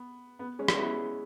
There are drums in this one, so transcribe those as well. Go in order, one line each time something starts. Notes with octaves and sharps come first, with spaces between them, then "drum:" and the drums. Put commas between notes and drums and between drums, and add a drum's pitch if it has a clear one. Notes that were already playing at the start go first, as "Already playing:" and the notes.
Already playing: B3
B3
G#3 C#4
drum: rim click
B3 E4